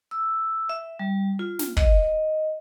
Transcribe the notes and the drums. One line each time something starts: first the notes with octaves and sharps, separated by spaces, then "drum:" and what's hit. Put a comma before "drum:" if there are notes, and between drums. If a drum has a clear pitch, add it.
E6
E5
G3
F4
drum: snare
D#5, drum: kick